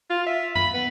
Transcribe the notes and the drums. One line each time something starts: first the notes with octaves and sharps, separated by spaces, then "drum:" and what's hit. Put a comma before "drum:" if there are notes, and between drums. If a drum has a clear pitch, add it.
F4
E5
B5, drum: tom F#2
B3